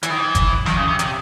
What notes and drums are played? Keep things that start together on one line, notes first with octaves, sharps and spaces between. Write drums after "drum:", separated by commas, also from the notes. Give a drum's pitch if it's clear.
E3, drum: hi-hat
D#3
E3
drum: kick, hi-hat
D#3, drum: snare
C#3
C3
C3, drum: hi-hat